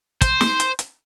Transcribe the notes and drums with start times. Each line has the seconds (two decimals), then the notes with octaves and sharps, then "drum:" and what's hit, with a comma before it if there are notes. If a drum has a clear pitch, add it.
0.22 C5, drum: kick, hi-hat
0.41 drum: snare
0.60 drum: hi-hat
0.79 drum: hi-hat